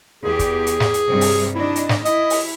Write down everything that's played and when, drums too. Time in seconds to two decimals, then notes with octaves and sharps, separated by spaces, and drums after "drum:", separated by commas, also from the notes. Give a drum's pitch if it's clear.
0.24 E2 G4 G#4
0.39 drum: kick, hi-hat
0.67 drum: hi-hat
0.80 drum: snare
0.94 drum: hi-hat
1.07 G2 C3 G3
1.21 drum: open hi-hat
1.55 D#3 D4 E4 D#5
1.76 drum: hi-hat
1.89 drum: snare
2.05 E4 D#5, drum: hi-hat
2.30 drum: open hi-hat